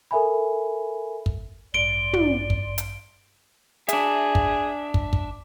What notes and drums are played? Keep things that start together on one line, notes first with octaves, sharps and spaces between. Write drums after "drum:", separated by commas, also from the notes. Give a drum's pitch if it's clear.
A4 A#4 E5 G#5 B5
drum: kick
A1 G2 D5 C6 D7 G7
drum: tom
drum: kick
drum: hi-hat
D4 G#4 E5, drum: hi-hat
drum: kick
drum: kick
drum: kick